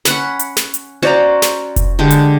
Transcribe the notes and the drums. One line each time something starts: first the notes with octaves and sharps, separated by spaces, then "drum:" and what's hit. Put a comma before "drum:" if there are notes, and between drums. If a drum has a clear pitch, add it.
C#4 F#5 B5, drum: snare
drum: hi-hat
drum: snare
drum: hi-hat
C#4 F#4 C5 D5 A#5
drum: snare
drum: kick F1, hi-hat
D3 G#3 G4
drum: hi-hat